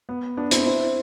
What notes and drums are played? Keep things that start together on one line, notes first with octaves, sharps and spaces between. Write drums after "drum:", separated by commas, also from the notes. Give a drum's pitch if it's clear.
B3
B3 D4
C4 E4, drum: hi-hat
C4 E4